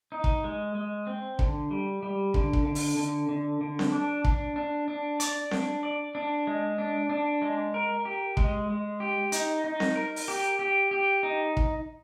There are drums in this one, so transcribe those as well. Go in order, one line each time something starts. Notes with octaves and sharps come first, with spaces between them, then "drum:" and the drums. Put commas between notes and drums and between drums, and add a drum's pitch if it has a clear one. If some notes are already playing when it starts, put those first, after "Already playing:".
D#4
drum: kick
G#3
G#3
C4
D3, drum: kick
G3
G3
D3, drum: kick
drum: kick
D3
drum: open hi-hat
D3
D3
D3
drum: snare C4
D4
D4, drum: kick
D4
D4
D5, drum: hi-hat
D4, drum: snare C4
D5
D4
G#3
D4
D4
G#3
A#4
G4
G#3, drum: kick
G#3
G4
D#4, drum: hi-hat
D#4
drum: snare C4
A#4
drum: open hi-hat
G4
G4
G4
D#4
drum: kick